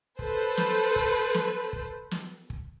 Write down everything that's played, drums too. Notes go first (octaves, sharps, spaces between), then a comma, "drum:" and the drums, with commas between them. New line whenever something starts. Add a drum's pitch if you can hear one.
A4 B4 C5, drum: kick
drum: snare
drum: kick
drum: snare
drum: kick
drum: snare
drum: kick